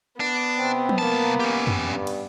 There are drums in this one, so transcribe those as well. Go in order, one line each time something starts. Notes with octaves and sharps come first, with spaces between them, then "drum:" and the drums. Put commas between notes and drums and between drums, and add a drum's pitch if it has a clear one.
B3 D4
C3 C4
drum: tom F3
C2 A#3 A5
C#4 G4
drum: tom F2
G2
drum: cymbal